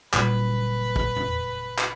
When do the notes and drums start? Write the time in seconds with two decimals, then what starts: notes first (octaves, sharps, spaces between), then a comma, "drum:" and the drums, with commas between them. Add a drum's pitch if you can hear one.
0.13 F#1 A#2 G3 B4, drum: clap
0.96 drum: kick
1.16 drum: tom E2
1.78 drum: clap